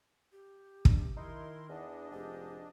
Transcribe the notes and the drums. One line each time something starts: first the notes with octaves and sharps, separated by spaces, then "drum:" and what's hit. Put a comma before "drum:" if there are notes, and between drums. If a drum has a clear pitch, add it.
G4
A3 D4, drum: kick
D#3 D#4 E4 A#4 C6
E2 D4 D#5 F#5
F1 G#2 G4